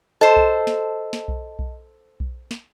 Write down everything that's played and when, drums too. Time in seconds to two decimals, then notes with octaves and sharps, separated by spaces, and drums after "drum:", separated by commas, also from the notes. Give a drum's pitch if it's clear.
0.21 A4 C5 D#5 A5
0.36 drum: kick B1
0.67 drum: snare
1.13 drum: snare
1.28 drum: kick B1
1.59 drum: kick B1
2.20 drum: kick B1
2.51 drum: snare